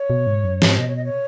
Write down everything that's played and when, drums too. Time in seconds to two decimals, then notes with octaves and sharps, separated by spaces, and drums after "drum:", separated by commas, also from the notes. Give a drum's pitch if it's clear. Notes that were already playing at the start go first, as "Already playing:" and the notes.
Already playing: C#5
0.10 B2
0.27 G#2
0.44 F#2
0.62 G#2, drum: snare
0.79 B2 D#5
0.88 C#5
0.96 D#5
1.05 C#5